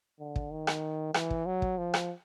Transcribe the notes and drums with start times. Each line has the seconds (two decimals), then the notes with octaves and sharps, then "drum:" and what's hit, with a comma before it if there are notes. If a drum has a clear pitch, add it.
0.20 D3
0.36 drum: kick
0.51 D#3
0.67 drum: rim click
1.14 E3, drum: rim click
1.30 drum: kick
1.46 F#3
1.62 drum: kick
1.78 F3
1.94 drum: rim click